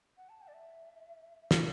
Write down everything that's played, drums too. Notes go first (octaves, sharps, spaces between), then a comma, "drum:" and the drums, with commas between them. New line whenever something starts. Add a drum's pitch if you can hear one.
F#5
A5
G5
D5
E5
drum: snare